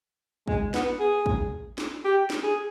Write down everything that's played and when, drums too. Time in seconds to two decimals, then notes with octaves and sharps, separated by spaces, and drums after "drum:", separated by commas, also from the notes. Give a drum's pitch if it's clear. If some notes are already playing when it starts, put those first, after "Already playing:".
0.48 G#3, drum: kick
0.74 B3, drum: snare
1.00 G#4
1.26 drum: kick
1.78 drum: snare
2.04 G4
2.30 drum: snare
2.43 G#4